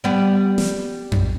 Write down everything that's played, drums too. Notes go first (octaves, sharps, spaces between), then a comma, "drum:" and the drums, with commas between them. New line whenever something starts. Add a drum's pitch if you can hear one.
G3 B3
drum: snare
drum: tom F2